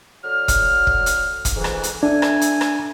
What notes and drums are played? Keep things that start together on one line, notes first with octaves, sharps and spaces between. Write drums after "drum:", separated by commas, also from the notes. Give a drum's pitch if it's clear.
D3 F#3 F6
drum: kick, hi-hat
drum: kick
drum: hi-hat
drum: kick, hi-hat
F2 G#2 E3
drum: rim click
drum: hi-hat
D4 A4 E5 G#5
drum: rim click
drum: hi-hat
drum: rim click